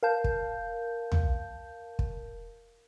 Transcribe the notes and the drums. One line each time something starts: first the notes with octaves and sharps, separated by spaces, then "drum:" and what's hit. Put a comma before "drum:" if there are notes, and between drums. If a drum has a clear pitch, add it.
A#4 F5 A5 G6
drum: kick
drum: tom
drum: kick